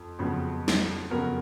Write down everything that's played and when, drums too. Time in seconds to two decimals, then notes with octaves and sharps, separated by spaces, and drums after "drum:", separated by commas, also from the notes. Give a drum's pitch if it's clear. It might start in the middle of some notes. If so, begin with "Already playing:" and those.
Already playing: F2
0.19 F2 C#3 F#3 B3
0.68 drum: snare
1.11 F2 C#3 F#3 B3 A#4